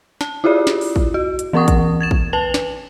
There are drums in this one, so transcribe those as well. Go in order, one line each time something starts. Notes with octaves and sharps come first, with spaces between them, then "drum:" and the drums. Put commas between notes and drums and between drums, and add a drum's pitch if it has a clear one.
A5, drum: snare
E4 F4 G4 G#4 D5
drum: snare
drum: open hi-hat
drum: kick
F#4
drum: hi-hat
E3 B3 A#4 F#5 C#6 D#6
drum: kick, hi-hat
G#6 A6 E7
drum: kick
B4 A5 F7 F#7
drum: snare